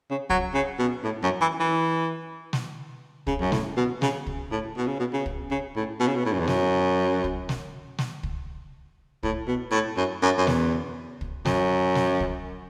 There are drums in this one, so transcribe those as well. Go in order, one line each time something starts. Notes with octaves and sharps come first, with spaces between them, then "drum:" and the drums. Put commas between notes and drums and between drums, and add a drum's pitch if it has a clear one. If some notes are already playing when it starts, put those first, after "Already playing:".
C#3
F#3, drum: kick
C#3
B2
A2
F#2
E3
E3
drum: snare
C#3, drum: kick
F#2
A2, drum: snare
B2
C#3, drum: snare
drum: kick
A2
B2
C#3
B2
C#3
drum: kick
C#3
A2
B2
C#3
B2
A2
F#2
E2
F#2, drum: snare
drum: kick
drum: snare
drum: snare
drum: kick
A2, drum: kick
B2
A2
F#2
F#2
F#2
E2, drum: snare
drum: kick
F#2, drum: snare
drum: snare
drum: kick